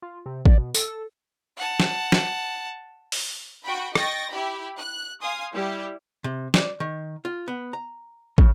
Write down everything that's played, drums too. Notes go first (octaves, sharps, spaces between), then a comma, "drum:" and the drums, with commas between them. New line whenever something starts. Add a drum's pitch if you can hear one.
F4
C3
D5, drum: kick
B2
A4, drum: tambourine
A4
F#5 A5
drum: snare
drum: snare
drum: open hi-hat
F#4 G5 B5
D#5 G5 C#6 A6 A#6, drum: rim click
E4 G4 B5
F#6
F5 G#5 C6 D#6
G3 E4 G4
C3
D5, drum: snare
D#3
F4
B3
A#5
C#3, drum: kick